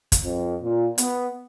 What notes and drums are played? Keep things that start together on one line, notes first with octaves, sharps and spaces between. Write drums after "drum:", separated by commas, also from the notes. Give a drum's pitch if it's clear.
drum: kick, hi-hat
F2
A#2
B3, drum: hi-hat